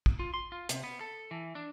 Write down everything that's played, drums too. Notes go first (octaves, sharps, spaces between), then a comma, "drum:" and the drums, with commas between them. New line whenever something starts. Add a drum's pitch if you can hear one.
drum: kick
F4
C6
F4
C3, drum: hi-hat
B3
A4
E3
D4